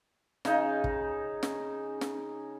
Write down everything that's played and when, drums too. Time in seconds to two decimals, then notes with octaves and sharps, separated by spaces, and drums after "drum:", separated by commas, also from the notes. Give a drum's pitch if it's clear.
0.45 C#3 D#4, drum: snare
0.84 drum: kick
1.43 drum: snare
2.01 drum: snare